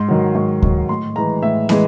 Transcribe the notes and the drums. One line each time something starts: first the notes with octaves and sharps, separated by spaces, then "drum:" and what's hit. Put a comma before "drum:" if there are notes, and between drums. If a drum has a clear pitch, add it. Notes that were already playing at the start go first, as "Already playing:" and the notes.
Already playing: G#2 C6
D#3 F#3
G#2 C#6
D#3 F#3 C#6, drum: kick D2
A2 C6
E3 G#3 A#5
A2 E5
E3 G#3, drum: snare